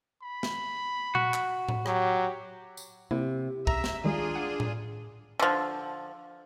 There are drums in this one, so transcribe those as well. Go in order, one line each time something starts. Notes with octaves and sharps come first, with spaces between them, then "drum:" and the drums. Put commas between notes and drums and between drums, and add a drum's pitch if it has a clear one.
B5
drum: snare
F#4, drum: tom A#2
drum: clap
drum: tom A2
F#3 G4, drum: rim click
drum: tambourine
C3 A#3 E4
C#3 E5 A#5, drum: kick
drum: snare
D#3 G3 G#3 D4 F4 G#4
F#5
drum: tom A2
D3 F3